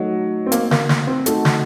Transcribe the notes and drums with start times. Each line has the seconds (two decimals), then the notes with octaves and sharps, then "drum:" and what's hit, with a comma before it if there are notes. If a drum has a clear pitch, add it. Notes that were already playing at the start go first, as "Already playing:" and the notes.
Already playing: F#3 A3 D#4 F#4
0.46 C4
0.52 A#3, drum: hi-hat
0.71 A#3, drum: snare
0.89 drum: snare
1.07 C4
1.26 A3 D#4 F#4 A4, drum: hi-hat
1.45 drum: snare